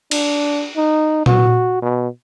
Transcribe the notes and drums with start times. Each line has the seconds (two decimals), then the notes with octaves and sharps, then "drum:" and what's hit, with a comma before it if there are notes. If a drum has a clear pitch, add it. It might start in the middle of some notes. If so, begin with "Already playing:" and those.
0.11 D4, drum: cymbal
0.76 D#4
1.26 F#4, drum: tom A#2
1.82 B2